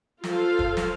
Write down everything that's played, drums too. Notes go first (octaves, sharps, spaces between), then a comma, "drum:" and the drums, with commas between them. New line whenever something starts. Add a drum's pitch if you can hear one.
F4 A4 C5 F5, drum: snare
drum: kick
drum: snare